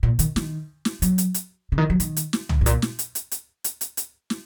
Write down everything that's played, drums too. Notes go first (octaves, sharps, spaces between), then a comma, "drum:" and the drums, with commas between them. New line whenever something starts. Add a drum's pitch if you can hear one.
A#2
D#3, drum: hi-hat
D#3, drum: snare
drum: snare
F#3, drum: hi-hat
drum: hi-hat
drum: hi-hat
C#3
D#3
F#3
D#3, drum: hi-hat
drum: hi-hat
drum: snare
drum: tom
G#2
A#2, drum: hi-hat
drum: snare
drum: hi-hat
drum: hi-hat
drum: hi-hat
drum: hi-hat
drum: hi-hat
drum: hi-hat
drum: snare